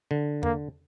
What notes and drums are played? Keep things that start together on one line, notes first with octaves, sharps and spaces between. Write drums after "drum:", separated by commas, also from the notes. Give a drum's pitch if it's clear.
D3
A#3, drum: tom E2